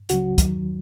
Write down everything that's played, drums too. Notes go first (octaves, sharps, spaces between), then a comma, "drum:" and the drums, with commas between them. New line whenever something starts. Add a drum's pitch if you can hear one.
C#2 C#3 F#3 F#4, drum: hi-hat
D#2 D#3 F#3, drum: kick, hi-hat